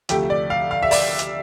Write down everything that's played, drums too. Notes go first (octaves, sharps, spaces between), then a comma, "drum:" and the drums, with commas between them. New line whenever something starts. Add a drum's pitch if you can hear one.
D2 C3 F3 A3 G4, drum: hi-hat
D5
F5
F5
E5
D5, drum: open hi-hat
drum: hi-hat